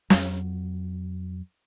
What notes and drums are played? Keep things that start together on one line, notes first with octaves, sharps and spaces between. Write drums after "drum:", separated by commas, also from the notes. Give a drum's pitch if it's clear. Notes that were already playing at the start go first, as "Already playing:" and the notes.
F2 F#3, drum: snare